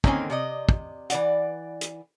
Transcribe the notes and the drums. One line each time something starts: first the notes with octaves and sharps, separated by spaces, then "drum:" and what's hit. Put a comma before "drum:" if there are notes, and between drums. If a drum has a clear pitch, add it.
D3 D#3 A#3 C4 C#4 G#5, drum: kick
C3 D5 D#5
drum: kick
E3 D5 F#5, drum: hi-hat
drum: hi-hat